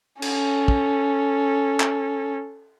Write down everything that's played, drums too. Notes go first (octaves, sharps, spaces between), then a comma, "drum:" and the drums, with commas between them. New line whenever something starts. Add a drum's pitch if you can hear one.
C#4 A4, drum: cymbal
drum: kick
drum: clap